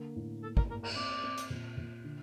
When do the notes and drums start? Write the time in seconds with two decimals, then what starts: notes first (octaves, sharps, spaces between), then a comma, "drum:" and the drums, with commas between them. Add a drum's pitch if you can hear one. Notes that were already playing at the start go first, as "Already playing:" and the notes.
Already playing: D3 A#3
0.16 A2
0.43 A#3 A4
0.57 A#4, drum: kick
0.70 A#3 A#4
0.83 A#4, drum: cymbal
0.96 C4 D5
1.24 C4
1.37 drum: hi-hat
1.50 A#2
1.77 A#2
2.04 D3